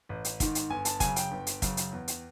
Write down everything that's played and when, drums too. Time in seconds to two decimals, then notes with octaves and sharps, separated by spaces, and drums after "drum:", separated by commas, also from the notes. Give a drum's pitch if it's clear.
0.09 A1
0.25 drum: hi-hat
0.40 G#2 D#3, drum: kick, hi-hat
0.55 drum: hi-hat
0.70 G1 G#5
0.85 A5, drum: hi-hat
1.00 F#2 C#3 G#5, drum: kick, hi-hat
1.16 G5, drum: hi-hat
1.31 G1
1.47 drum: hi-hat
1.62 F#2 C#3, drum: kick, hi-hat
1.77 drum: hi-hat
1.92 E2
2.08 drum: hi-hat